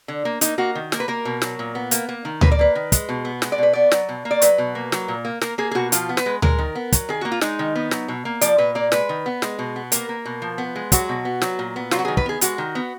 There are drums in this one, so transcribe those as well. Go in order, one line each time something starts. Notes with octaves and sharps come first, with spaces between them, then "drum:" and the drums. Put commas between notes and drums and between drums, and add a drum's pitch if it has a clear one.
D3
A#3
A#3 D#4, drum: hi-hat
A#3 F#4
D#3
A#3 A#4, drum: snare
B4
A#3 A#4
B2
F#3, drum: snare
A#2
B3
A#3, drum: hi-hat
A#3
D#3
A#3 B4, drum: tom D2
D5
A#3 B4
D#3
G#3, drum: kick, hi-hat
B2
B3
G#3, drum: snare
D5
B2 B4
B3 D5
F#3, drum: snare
B2
A#3
D5
F#3 B4, drum: hi-hat
B2
A#3
F#3, drum: snare
A#2
A#3
A#3 A#4, drum: snare
A#3 G#4
G#4
B2 F#4
F3 F4, drum: hi-hat
B3
B4, drum: snare
G#3
G#3 A#4, drum: tom D2
D#3
B3
F#3, drum: kick, hi-hat
D#3 G#4
A#3 F#4
F4
G#3 D#4, drum: snare
D#3
B3
F#3, drum: snare
B2
A#3
F3 D5, drum: hi-hat
A#2 B4
A#3 D5
G#3 B4, drum: snare
D#3
B3
G#3, drum: snare
B2
B3
A#3 A#4, drum: hi-hat
A#3
B2
F3
B3
G#3
F#3 F#4, drum: kick, hi-hat
B2
B3
F#3, drum: snare
A#2
B3
F#3 F4, drum: snare
F#4
D#3 G#4
B4, drum: kick
B3 G#4
G#3 F#4, drum: hi-hat
D#3
B3